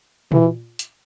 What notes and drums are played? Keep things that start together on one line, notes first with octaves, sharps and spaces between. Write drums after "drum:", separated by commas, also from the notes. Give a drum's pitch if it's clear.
E3, drum: tom A#2
drum: hi-hat